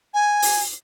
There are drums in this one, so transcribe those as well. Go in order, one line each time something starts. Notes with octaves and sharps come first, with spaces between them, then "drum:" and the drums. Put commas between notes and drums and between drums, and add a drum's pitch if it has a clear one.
G#5
drum: open hi-hat